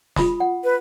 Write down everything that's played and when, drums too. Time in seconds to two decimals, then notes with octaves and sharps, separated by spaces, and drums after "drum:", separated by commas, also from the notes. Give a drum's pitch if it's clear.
0.16 F4 B5 D#6, drum: snare
0.40 F#5
0.64 B4